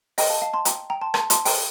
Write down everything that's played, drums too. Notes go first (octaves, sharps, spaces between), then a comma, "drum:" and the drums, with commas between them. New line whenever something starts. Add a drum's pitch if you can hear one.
D#5 G5, drum: open hi-hat
F5 A5
F5 A5
A5 C6
G5 A#5, drum: hi-hat
G5 A#5
A5 C6
A5 C6, drum: rim click
A5 C6, drum: hi-hat
G5 A#5, drum: open hi-hat